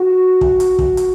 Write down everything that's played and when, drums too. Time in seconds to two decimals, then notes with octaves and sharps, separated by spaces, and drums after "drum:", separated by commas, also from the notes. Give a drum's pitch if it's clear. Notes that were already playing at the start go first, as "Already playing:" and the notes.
Already playing: F#4
0.41 drum: kick
0.60 drum: hi-hat
0.79 drum: kick
0.97 drum: hi-hat